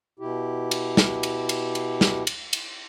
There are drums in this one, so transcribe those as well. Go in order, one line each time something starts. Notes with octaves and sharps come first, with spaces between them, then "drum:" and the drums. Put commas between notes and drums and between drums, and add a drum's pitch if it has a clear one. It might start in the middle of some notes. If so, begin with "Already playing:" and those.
B2 E4 G4
drum: cymbal
drum: snare
drum: cymbal
drum: cymbal
drum: cymbal
drum: snare
drum: cymbal
drum: cymbal